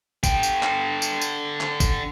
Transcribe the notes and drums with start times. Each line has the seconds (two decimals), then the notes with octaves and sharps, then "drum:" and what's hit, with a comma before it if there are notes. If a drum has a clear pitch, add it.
0.24 D3 G5, drum: kick, tambourine
0.43 drum: tambourine
0.63 drum: clap
1.02 drum: tambourine
1.22 drum: tambourine
1.61 drum: clap
1.80 drum: kick, tambourine